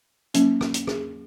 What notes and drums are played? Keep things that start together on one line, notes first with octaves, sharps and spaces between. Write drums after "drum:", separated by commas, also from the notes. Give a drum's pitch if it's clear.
F#3 A#3 C#4, drum: hi-hat
drum: rim click
drum: hi-hat
G#4, drum: rim click